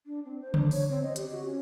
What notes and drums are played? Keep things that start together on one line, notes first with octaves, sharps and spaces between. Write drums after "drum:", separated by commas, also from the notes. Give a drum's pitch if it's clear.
D4
C4
C5
D4, drum: tom C#3
C#5, drum: open hi-hat
C4
D#5
G4, drum: hi-hat
F#4
C#4